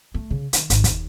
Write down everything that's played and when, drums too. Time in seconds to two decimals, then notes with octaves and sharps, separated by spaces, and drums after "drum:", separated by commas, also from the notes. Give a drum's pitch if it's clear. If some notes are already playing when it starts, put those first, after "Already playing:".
0.14 A3
0.30 C#3
0.53 D#3, drum: hi-hat
0.70 G#1, drum: hi-hat
0.84 D#2, drum: kick, hi-hat